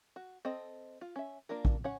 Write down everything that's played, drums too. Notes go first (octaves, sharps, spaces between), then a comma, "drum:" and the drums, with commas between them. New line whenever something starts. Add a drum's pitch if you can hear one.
F#4
C4 A4 D#5
F4
C#4 E5
A#3 D4 F4 A#4
drum: kick A#1
C#4 C#5 F#5